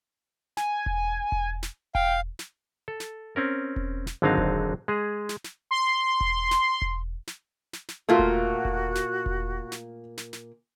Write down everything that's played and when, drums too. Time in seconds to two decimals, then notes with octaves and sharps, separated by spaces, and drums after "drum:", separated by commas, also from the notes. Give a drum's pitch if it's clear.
0.57 G#5, drum: snare
0.86 drum: kick E1
1.32 drum: kick E1
1.63 drum: snare
1.95 F5 G5, drum: kick E1
2.39 drum: snare
2.88 A4
3.00 drum: snare
3.36 C4 C#4 A#4
3.76 drum: kick E1
4.07 drum: snare
4.22 G#1 D3 F#3 C4 D#4 F5
4.37 drum: kick E1
4.88 G#3 G#4
5.29 drum: snare
5.44 drum: snare
5.71 C6
6.21 drum: kick E1
6.51 drum: snare
6.82 drum: kick E1
7.27 drum: snare
7.73 drum: snare
7.88 drum: snare
8.09 A#2 A3 A#3 F4 F#4
8.19 drum: kick E1
8.65 drum: kick E1
8.95 drum: snare
9.26 drum: kick E1
9.72 drum: snare
10.17 drum: snare
10.33 drum: snare